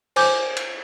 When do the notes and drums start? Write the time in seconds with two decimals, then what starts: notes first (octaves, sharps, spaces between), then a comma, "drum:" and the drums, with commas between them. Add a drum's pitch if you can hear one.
0.16 C5 G#5 D6 G6, drum: cymbal
0.56 drum: cymbal